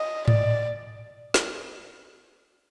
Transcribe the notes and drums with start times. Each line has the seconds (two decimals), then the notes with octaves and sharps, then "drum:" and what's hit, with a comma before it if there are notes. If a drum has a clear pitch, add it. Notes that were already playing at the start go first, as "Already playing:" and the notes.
Already playing: D#5
0.28 D5, drum: tom G#2
1.34 drum: snare